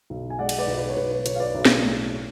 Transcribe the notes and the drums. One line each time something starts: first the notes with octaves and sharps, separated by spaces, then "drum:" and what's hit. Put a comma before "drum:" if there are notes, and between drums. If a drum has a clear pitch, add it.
B1
G#5
G#3 D5 F#5
drum: cymbal
B4 D5
B1
B4
C#5
B1 B4
B4
B1 C#5, drum: hi-hat
F5
B4 D5
B1
drum: snare
A2